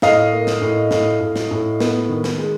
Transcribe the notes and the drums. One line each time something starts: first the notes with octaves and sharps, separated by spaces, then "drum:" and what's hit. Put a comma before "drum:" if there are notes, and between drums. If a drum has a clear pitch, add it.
A2 D#5 F5, drum: snare
A#3
drum: snare
A2
A2, drum: snare
A2
drum: snare
A2
B3, drum: snare
D#3
drum: snare
G#3